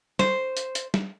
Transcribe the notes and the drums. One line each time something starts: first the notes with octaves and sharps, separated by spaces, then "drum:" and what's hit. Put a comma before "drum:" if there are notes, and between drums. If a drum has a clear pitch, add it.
C5, drum: snare
drum: hi-hat
drum: hi-hat
drum: snare